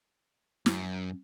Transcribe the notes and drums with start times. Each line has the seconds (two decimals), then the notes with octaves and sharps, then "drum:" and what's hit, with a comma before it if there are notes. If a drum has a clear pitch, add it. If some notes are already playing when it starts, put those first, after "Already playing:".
0.66 F#2, drum: snare